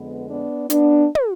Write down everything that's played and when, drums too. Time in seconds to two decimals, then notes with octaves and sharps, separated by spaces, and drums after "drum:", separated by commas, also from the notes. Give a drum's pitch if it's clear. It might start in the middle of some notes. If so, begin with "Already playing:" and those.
Already playing: F2 D3 G#3 B3
0.30 B3 D4
0.70 B3 D4, drum: hi-hat
1.15 drum: tom